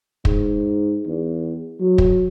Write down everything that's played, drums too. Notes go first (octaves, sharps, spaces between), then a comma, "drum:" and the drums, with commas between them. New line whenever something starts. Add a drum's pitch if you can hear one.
G#2, drum: kick
E2
F#3
drum: kick